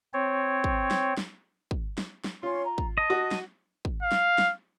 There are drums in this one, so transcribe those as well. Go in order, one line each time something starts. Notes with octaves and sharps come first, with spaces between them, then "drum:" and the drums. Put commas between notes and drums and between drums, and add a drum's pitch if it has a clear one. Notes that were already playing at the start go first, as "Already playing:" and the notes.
C4 C#5
drum: kick
drum: snare
drum: snare
drum: kick
drum: snare
drum: snare
C#4 F4 C#5 C6
A#5
drum: kick
D#5 A5
F#4
drum: snare
drum: kick
F5
drum: snare
drum: snare